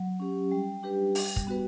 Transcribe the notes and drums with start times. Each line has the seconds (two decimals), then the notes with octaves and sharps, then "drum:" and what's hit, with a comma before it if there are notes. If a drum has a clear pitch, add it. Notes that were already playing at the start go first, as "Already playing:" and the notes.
Already playing: F#3
0.20 C#4 G4
0.52 G3
0.83 D4 G4 B4
1.15 G3, drum: open hi-hat
1.36 drum: kick
1.47 B3 F#4 B4